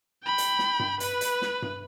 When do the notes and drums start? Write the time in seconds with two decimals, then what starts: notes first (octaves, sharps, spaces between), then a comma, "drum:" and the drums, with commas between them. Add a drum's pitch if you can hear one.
0.23 G5 B5
0.38 drum: hi-hat
0.59 drum: snare
0.79 drum: tom G2
1.00 B4 B5, drum: hi-hat
1.21 drum: hi-hat
1.42 drum: snare
1.62 drum: tom G2